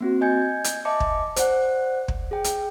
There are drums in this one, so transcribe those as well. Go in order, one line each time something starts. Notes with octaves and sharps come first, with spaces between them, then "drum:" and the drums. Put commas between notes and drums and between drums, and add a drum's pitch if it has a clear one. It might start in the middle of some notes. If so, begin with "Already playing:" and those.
A#3 C4 F#4
D#5 G#5 G6 G#6 C#7
drum: hi-hat
D#5 E5 A5 D6 C#7
drum: kick
C5 D5 F#5 F#6, drum: hi-hat
drum: kick
G#4 G5
drum: hi-hat